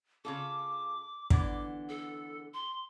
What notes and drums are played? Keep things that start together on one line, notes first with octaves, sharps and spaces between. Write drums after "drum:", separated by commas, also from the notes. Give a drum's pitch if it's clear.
C#3 F4 A4 D6
D3 E3 B3, drum: kick
A4
C6